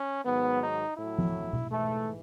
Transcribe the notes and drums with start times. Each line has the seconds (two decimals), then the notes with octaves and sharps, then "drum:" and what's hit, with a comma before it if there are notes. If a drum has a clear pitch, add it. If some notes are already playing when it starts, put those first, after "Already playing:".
Already playing: C#4
0.24 G#2 D#3 F#3 B3
0.62 D#4
0.97 A2 E4
1.02 F#3
1.18 drum: tom F3
1.53 drum: tom B2
1.70 G#2 E3 A3